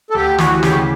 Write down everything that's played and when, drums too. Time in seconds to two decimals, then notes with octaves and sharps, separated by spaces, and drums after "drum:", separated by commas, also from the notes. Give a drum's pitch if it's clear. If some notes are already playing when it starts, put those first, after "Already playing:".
0.10 A4
0.15 D2 G4
0.38 E3 F#4, drum: snare
0.63 C#3 G4, drum: snare